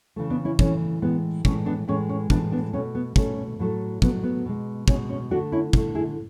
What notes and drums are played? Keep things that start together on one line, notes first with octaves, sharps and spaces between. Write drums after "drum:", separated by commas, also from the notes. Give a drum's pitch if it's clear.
C#3 E3 A3
B3 D4
C#4 E4
C#3 E3 A3 C#4, drum: kick
A2 E3 G#3 B3
A2 E3 G#3 C#4, drum: kick
B3 D4
A2 E3 G#3 C#4
C#4
A2 E3 G#3 B3 D4, drum: kick
B3 D4
B2 A3 C#4
B3
B2 A3 C#4, drum: kick
A2 F#3 A3
A2 F#3 A3 B3, drum: kick
B3
B2 G#3
B2 G#3 C#4, drum: kick
C#4
D3 A3 D4 F#4
C#4 E4
D3 A3, drum: kick
E4 G#4